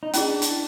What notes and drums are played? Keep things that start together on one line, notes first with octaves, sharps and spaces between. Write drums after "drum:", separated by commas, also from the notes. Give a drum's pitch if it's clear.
D#4
C#4 D4 E4 G#4, drum: hi-hat
drum: hi-hat